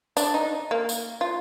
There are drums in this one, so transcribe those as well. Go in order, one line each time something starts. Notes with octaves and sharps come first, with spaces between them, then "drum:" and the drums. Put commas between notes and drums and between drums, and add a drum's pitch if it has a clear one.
D4, drum: tambourine
D#4
A#3
drum: tambourine
F4